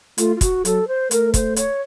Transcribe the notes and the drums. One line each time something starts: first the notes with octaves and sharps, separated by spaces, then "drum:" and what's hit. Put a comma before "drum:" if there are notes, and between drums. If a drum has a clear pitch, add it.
A3 F4, drum: hi-hat
F4
F#4, drum: kick, hi-hat
F#3 A4, drum: hi-hat
C5
A3 A#4, drum: hi-hat
C5, drum: kick, hi-hat
C#5, drum: hi-hat